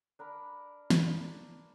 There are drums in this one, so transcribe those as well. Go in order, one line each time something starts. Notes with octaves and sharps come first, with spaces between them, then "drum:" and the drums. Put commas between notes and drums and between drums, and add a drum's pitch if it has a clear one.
D4 A#4 B5
drum: snare